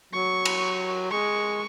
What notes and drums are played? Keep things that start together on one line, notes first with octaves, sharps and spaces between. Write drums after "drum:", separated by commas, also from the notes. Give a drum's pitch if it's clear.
F#3 C#6
drum: cymbal
G#3 C#6